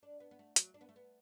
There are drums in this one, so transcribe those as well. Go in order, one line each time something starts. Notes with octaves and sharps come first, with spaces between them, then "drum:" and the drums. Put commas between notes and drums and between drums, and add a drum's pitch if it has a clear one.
D4
B3
B3
A3
F#3, drum: hi-hat
D4
B3
A3
B3